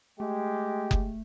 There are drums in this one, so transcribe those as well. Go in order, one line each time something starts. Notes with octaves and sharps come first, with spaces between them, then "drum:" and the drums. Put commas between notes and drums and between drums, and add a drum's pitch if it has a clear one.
G#3 A3 G4
drum: kick F#1